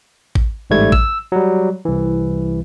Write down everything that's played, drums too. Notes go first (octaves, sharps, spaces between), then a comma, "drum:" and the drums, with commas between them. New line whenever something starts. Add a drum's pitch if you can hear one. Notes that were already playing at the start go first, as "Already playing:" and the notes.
drum: kick A1
A1 G#2 G3 A3 G#6
E6, drum: kick A1
F#3 G3
C2 E3